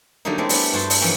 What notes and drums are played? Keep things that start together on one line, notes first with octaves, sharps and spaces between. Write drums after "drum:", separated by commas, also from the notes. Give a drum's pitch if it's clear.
D3 F#3 G3 A3 A#3 D#4
G#3 A3 C4 D4 E4 A#4
G3 B3 D4, drum: open hi-hat
G2 F#4 C5 G5 A5
drum: open hi-hat
E3 F3 A#3 B3 C#4